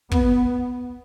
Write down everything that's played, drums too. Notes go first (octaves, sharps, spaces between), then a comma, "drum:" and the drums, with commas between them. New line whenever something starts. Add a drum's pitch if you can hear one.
B3, drum: kick